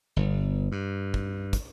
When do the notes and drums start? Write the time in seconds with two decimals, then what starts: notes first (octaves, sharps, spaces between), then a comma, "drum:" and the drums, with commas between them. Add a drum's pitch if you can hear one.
0.16 G1
0.72 G2
1.14 drum: kick
1.53 drum: kick, hi-hat